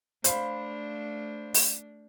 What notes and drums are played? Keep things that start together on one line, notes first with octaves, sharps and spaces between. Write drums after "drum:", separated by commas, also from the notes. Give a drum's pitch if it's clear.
A3 D4 C5 F5 B5, drum: hi-hat
drum: open hi-hat